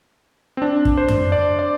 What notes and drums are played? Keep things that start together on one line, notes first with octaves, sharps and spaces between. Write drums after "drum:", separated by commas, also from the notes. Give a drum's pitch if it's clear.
C4
D4
drum: kick
C5
drum: tom F#2
D5
D5